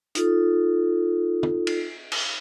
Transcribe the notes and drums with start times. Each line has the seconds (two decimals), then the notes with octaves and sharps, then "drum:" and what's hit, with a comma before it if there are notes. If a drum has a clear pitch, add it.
0.15 D#4 F4 A4, drum: hi-hat
1.43 drum: tom
1.67 drum: cymbal
2.12 drum: cymbal